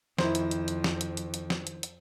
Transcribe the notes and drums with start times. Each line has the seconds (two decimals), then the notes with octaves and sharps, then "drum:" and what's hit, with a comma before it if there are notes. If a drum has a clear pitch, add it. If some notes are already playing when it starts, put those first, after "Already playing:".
0.18 F2 D#3 E4 C5, drum: snare
0.35 drum: hi-hat
0.51 drum: hi-hat
0.68 drum: hi-hat
0.84 drum: snare
1.01 drum: hi-hat
1.17 drum: hi-hat
1.34 drum: hi-hat
1.50 drum: snare
1.67 drum: hi-hat
1.83 drum: hi-hat